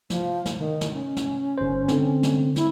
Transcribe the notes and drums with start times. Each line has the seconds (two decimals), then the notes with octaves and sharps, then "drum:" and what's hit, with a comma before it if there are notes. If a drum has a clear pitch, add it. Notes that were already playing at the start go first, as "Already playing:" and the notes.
0.10 F3, drum: snare
0.46 drum: snare
0.58 D#3
0.81 drum: snare
0.93 C#4
1.17 drum: snare
1.58 G1 C5
1.88 D3 C4, drum: snare
2.23 drum: snare
2.56 E4, drum: snare